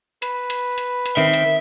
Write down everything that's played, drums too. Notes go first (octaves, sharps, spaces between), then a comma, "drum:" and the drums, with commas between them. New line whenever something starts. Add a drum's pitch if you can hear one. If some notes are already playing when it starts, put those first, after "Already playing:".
B4, drum: hi-hat
drum: hi-hat
drum: hi-hat
drum: hi-hat
D#3 C4 E5
drum: hi-hat